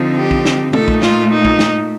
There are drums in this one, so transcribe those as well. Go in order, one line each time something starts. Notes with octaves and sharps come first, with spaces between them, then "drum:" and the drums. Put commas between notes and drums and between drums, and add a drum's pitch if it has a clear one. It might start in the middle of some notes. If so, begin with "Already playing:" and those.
Already playing: D3 F3 C4 D#4
G4
drum: kick
drum: snare
A#2 A3 D#4 A4, drum: tom
drum: kick
F4, drum: snare
D#4
drum: kick
drum: snare